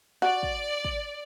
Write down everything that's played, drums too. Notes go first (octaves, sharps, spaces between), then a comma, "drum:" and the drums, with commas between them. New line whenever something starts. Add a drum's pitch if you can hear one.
F#4 D5
drum: kick
drum: kick